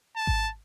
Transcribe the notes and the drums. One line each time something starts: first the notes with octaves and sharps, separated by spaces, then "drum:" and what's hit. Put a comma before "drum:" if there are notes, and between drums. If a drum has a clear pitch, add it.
A5
drum: kick G#1